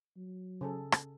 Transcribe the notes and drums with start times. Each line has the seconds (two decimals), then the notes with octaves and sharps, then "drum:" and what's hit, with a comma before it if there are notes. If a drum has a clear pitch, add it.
0.16 F#3
0.61 C#3 G#4 A4
0.92 drum: rim click